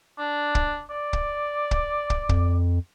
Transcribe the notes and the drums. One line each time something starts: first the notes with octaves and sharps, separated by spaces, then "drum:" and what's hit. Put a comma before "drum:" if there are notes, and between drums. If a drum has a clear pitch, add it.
D4
drum: kick
D5
drum: kick
drum: kick
drum: kick
F2, drum: kick